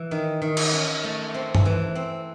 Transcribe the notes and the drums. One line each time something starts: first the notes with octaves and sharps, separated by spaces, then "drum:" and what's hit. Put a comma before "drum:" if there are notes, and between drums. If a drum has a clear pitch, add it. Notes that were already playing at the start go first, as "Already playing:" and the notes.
Already playing: E3
D#3
D#3
drum: cymbal
C#4
A3
C4
drum: tom G2
E3
C4